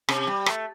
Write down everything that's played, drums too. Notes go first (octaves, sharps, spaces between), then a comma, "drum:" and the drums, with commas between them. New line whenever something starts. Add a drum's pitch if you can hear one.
C3, drum: rim click
G3
A3, drum: rim click